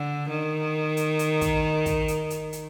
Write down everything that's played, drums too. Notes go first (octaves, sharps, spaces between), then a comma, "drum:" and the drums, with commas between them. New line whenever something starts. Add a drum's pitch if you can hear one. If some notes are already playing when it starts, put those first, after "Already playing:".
Already playing: D3
D#3
drum: hi-hat
drum: hi-hat
drum: kick, hi-hat
drum: kick, hi-hat
drum: hi-hat
drum: hi-hat
drum: hi-hat